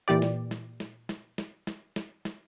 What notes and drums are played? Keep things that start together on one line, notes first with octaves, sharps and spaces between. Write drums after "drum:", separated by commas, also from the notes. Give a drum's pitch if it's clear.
A#2 E3 G4 D5
drum: snare
drum: snare
drum: snare
drum: snare
drum: snare
drum: snare
drum: snare
drum: snare